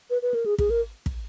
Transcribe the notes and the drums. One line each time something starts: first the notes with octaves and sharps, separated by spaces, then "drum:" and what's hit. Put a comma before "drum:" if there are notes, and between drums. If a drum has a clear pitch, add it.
B4
B4
A#4
G#4
G#4, drum: kick
A#4
drum: kick